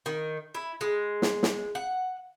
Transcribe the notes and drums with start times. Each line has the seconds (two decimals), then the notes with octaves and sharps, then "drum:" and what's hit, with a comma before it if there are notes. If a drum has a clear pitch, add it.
0.06 D#3
0.55 E4
0.81 G#3
1.22 drum: snare
1.43 drum: snare
1.75 F#5